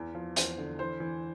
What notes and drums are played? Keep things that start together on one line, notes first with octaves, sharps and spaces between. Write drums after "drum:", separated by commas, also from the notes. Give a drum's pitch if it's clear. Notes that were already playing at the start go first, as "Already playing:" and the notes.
Already playing: E2 E3
F3
E2 C5, drum: hi-hat
D3
E3 C5
E3